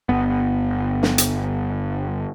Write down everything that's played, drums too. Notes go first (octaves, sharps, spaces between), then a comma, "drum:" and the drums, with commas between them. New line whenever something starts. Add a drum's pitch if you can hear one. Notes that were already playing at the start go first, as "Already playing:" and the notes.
G1 B3
drum: snare
drum: hi-hat